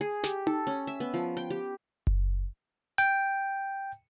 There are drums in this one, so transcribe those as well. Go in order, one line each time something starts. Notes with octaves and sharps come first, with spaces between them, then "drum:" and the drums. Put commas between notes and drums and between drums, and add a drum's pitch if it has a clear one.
G#4
G4, drum: snare
A4, drum: tom D#4
C#4
E5
B3
F3
G5, drum: hi-hat
G4
drum: kick F#1
G5